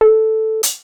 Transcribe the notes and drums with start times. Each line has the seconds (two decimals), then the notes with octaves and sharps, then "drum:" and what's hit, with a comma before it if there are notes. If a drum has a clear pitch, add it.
0.01 A4
0.63 drum: hi-hat